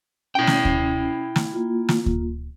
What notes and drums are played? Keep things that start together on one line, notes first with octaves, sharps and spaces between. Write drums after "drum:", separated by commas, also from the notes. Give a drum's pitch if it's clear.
C#4 E4 G5
drum: snare
drum: kick D2
drum: snare
A#3 F4
drum: snare
drum: kick D2